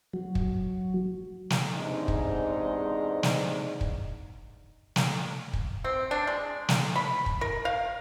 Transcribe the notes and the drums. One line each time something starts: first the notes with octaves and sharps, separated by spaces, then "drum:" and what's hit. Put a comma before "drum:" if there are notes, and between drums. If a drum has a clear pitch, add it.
F#3
drum: kick
drum: snare
E2 G#2 C3 G#3 D4 D#4
drum: kick
drum: snare
drum: kick
drum: snare
drum: kick
C4
D4
G#3
drum: snare
B5
drum: kick
A#4
F5